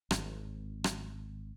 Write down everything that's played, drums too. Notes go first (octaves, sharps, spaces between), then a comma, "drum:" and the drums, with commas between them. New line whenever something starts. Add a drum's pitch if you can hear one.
G#1, drum: rim click
drum: rim click